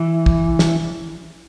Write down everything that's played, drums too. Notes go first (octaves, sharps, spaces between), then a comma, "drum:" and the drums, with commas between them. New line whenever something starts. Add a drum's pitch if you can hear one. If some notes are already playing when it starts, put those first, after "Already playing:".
Already playing: E3
drum: kick
drum: snare